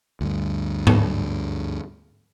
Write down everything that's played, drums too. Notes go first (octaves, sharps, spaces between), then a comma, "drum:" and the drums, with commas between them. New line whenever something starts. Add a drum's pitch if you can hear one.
D2 G2
drum: tom G#2